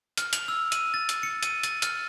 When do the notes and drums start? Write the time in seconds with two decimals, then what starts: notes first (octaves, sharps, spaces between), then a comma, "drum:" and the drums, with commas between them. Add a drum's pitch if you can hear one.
0.17 F6, drum: hi-hat
0.33 F7, drum: hi-hat
0.48 E6
0.72 D#7, drum: hi-hat
0.94 A6
1.09 drum: hi-hat
1.23 C#7
1.43 D#7, drum: hi-hat
1.63 A6, drum: hi-hat
1.82 F6, drum: hi-hat